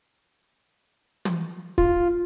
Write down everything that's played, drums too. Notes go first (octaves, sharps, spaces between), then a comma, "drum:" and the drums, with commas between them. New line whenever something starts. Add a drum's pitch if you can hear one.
drum: tom
F4, drum: kick